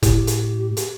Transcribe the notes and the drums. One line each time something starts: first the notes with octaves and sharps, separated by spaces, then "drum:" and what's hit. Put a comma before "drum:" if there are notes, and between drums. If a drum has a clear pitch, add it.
A2 G4, drum: kick F#1, hi-hat
drum: hi-hat
drum: hi-hat